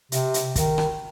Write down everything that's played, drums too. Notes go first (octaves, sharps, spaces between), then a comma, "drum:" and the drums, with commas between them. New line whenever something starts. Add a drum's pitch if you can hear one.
C3, drum: hi-hat
drum: hi-hat
D#3, drum: kick, hi-hat
drum: rim click